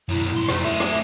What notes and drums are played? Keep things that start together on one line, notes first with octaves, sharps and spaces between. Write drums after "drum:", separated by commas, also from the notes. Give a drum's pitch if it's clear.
F#2 B2 E4
B1 C6
F2 A3, drum: rim click
A3 D#5 E5
drum: rim click